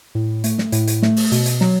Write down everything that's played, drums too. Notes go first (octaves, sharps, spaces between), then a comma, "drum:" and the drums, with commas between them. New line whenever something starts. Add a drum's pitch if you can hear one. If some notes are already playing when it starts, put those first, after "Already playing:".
A2
A3, drum: hi-hat
drum: snare
A2, drum: hi-hat
drum: hi-hat
A3, drum: snare
drum: open hi-hat
B2, drum: hi-hat
drum: hi-hat
F#3, drum: snare